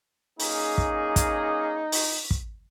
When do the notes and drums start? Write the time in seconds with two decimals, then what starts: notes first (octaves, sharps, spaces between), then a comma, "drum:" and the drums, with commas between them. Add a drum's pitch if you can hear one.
0.40 A#3 C#4 D#4 G#4, drum: open hi-hat
0.78 drum: kick
1.16 drum: kick, hi-hat
1.92 drum: open hi-hat
2.31 drum: kick